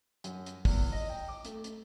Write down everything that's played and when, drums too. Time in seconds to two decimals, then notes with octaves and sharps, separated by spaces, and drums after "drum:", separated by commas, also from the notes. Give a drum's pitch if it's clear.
0.24 F#2, drum: hi-hat
0.46 drum: hi-hat
0.65 E2, drum: kick, open hi-hat
0.92 D#5
1.09 G5
1.28 D6
1.45 A3, drum: hi-hat
1.64 drum: hi-hat